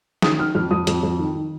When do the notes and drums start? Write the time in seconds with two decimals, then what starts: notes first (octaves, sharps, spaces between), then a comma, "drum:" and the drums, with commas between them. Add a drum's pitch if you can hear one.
0.22 D#3 D#6, drum: snare
0.39 D#3 F6
0.55 F2 F6
0.71 F2 D#6
0.87 F2, drum: hi-hat
1.03 F2
1.19 D#3
1.36 D#3